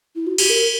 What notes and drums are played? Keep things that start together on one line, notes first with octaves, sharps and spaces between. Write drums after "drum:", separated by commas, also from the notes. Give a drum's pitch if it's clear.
E4
F#4
G4, drum: cymbal
A#4